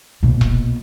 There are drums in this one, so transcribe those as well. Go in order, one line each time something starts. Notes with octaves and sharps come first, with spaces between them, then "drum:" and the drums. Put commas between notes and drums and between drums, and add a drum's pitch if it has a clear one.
A#1 B2
drum: kick E1